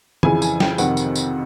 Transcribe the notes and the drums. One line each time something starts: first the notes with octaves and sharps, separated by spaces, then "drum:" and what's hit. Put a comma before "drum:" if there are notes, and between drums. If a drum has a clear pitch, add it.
F2 C#3 E3 G#5, drum: tom
G#5, drum: tambourine
G5, drum: snare
F2 C3 D#3 F#5, drum: tambourine
drum: tambourine
drum: tambourine